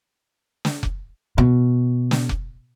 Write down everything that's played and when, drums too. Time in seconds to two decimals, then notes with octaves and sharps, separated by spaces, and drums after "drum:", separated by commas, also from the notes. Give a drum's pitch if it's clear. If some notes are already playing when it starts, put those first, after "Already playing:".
0.65 drum: snare
0.83 drum: kick F1
1.38 B2
2.11 drum: snare
2.29 drum: kick F1